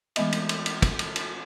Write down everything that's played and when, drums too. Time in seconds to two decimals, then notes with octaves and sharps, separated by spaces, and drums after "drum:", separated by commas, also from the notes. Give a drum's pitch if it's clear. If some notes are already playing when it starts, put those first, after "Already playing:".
0.16 E3 G#3 A3 B3 D#5 E5, drum: cymbal
0.33 drum: cymbal
0.49 drum: cymbal
0.66 drum: cymbal
0.82 drum: kick, cymbal
0.99 drum: cymbal
1.16 drum: cymbal